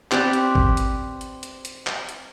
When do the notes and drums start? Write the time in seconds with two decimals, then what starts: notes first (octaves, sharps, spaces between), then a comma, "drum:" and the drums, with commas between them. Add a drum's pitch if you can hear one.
0.11 C4 G4 B4 D5, drum: clap
0.33 drum: hi-hat
0.55 drum: kick
0.77 drum: hi-hat
1.21 drum: hi-hat
1.43 drum: hi-hat
1.65 drum: hi-hat
1.87 drum: clap
2.09 drum: hi-hat